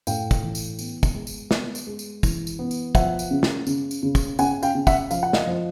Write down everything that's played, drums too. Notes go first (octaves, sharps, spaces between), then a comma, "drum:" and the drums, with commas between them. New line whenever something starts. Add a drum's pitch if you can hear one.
A2 F5 G5, drum: tambourine
drum: kick, tambourine
E3
drum: tambourine
B3, drum: tambourine
drum: kick, tambourine
G#3
drum: tambourine
B3, drum: snare
drum: tambourine
G#3
drum: tambourine
E3, drum: kick, tambourine
drum: tambourine
B3
drum: tambourine
F3 E5 F#5, drum: kick, tambourine
drum: tambourine
C#3
drum: snare
C#3, drum: tambourine
drum: tambourine
C#3
drum: kick, tambourine
C#3 F#5 G#5, drum: tambourine
F5 G5, drum: tambourine
C#3
E5 F#5, drum: kick, tambourine
F3 F5, drum: tambourine
F#5
D#5 F5, drum: snare
F3